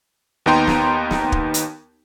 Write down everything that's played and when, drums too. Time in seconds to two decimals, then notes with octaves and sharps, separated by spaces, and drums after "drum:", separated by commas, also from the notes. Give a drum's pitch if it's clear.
0.46 D#2 B3 D#4 G5 A#5 C6
0.67 drum: snare
1.11 drum: snare
1.32 drum: kick
1.54 drum: hi-hat